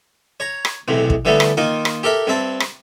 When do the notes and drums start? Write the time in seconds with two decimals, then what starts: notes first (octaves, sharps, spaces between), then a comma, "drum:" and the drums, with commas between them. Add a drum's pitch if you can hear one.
0.40 C#5 A#5
0.65 drum: rim click
0.88 B1 E2 A2 C3
1.10 drum: kick
1.25 D3 E3 G3 A3 B3
1.40 drum: rim click
1.57 D#3 A#3 D#4 F4
1.85 drum: rim click
2.03 G4 A4 A#4 E5
2.27 G2 C4 E5 A5
2.60 drum: rim click